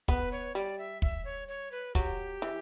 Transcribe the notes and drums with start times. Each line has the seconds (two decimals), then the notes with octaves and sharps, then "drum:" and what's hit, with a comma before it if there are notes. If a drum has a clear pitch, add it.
0.08 B3 B4, drum: kick
0.32 C#5
0.55 G3 D5
0.78 E5
1.02 E5, drum: kick
1.25 C#5
1.48 C#5
1.72 B4
1.95 F#3 G4, drum: kick
2.42 E3